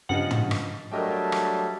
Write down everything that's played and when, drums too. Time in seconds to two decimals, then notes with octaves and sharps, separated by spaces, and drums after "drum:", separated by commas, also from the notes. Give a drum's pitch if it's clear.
0.09 G2 C#3 F3 D#5 F#5
0.31 drum: tom
0.51 drum: rim click
0.92 F#3 G3 A3 D4 A#4 D#5 G5
1.32 drum: rim click